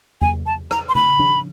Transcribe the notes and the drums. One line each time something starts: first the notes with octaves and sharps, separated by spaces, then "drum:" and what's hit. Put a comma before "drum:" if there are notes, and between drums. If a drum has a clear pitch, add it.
G#5, drum: tom E2
A5
A#5, drum: rim click
C6
B5, drum: tom C#3
drum: tom